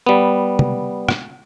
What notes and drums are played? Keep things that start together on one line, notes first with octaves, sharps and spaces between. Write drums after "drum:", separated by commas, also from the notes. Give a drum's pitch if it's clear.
G3 B3
drum: tom
drum: rim click